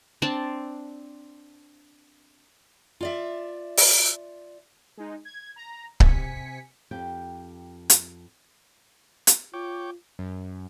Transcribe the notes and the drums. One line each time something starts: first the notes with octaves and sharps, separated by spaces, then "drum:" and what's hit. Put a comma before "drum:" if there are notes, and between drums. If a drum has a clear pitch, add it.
C4 D4 D5 A5
F4 D5 E5
drum: open hi-hat
G#3 D#4
G#6
A#5
C3 G#5 B6 C#7, drum: kick C#1
F2 G4 G5
drum: hi-hat
drum: hi-hat
F4 C#5 G5 D6
F#2